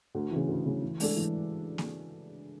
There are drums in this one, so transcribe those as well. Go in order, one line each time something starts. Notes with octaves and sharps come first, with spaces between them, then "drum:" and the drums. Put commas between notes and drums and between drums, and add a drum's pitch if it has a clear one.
D2
C#3 E3
D2
C#3 E3
E3
G#3 D4 A4, drum: open hi-hat
E3
drum: snare A#3